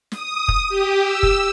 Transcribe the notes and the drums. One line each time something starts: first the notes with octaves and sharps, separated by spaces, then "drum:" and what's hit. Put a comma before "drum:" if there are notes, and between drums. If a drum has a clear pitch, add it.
D#6, drum: snare
drum: kick
G4
E6
drum: kick